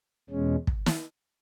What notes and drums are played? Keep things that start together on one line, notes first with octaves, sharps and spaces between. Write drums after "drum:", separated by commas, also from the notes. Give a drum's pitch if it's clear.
E2 B2 G#3 C#4
drum: kick
drum: snare